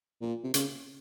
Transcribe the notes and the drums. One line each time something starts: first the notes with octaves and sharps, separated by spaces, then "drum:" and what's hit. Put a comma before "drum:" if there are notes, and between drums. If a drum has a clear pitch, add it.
A#2
C3
C#3, drum: hi-hat